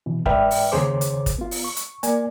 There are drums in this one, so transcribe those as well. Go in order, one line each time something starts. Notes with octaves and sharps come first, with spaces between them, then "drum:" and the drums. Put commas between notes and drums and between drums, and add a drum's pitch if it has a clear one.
B2 E3
G#2 B4 D5 E5 G5 F6, drum: kick
drum: open hi-hat
D#2 C#3 G#4 C5 C#5 D6
drum: hi-hat
drum: kick, hi-hat
B3 F4
drum: open hi-hat
C#6
drum: hi-hat
A#3 D5 G#5, drum: hi-hat